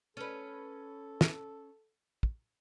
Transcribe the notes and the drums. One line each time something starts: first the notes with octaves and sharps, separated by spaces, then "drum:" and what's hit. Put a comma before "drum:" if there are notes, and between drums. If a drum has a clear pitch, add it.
C#4 A4 B4
drum: snare
drum: kick